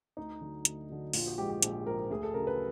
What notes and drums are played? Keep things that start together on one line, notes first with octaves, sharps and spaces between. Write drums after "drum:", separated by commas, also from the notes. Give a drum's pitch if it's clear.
D2 D#4
D3 F#3
D2, drum: hi-hat
D3 F#3
A#1 F4, drum: open hi-hat
F#4
G#2 F3 G#3 G4
G4
A#1, drum: hi-hat
G#2 F3 G#3 A#4
D2 G#4
A4
C#3 F#3 A#4
B4